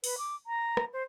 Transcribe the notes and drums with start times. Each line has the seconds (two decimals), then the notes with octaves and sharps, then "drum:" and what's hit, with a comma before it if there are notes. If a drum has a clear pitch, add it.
0.04 B4, drum: open hi-hat
0.18 D6
0.46 A#5
0.77 drum: rim click
0.93 C5